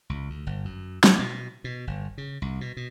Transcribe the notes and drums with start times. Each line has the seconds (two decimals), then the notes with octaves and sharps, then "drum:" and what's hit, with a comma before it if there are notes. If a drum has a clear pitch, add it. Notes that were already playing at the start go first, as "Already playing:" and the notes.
0.10 C#2
0.30 D2
0.47 G1
0.65 F#2
1.04 drum: snare
1.19 B2
1.64 B2
1.87 G1
2.18 C#3
2.42 C2
2.61 B2
2.77 B2